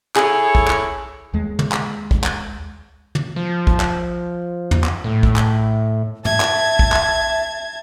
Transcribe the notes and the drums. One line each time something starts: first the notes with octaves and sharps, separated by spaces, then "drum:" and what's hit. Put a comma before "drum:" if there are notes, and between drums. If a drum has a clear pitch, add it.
E4 G#4 A4 C#5, drum: clap
drum: kick
drum: clap
D#2 G#3
drum: tom
drum: clap
drum: kick
drum: clap
drum: tom
F3
drum: kick
drum: clap
drum: tom
drum: clap
A2
drum: kick
drum: clap
E5 A5 G#6, drum: tom
drum: clap
drum: kick
drum: clap